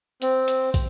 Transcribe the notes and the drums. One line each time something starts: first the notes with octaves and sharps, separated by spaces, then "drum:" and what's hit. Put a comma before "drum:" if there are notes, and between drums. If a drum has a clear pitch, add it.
C4, drum: hi-hat
drum: hi-hat
drum: kick, hi-hat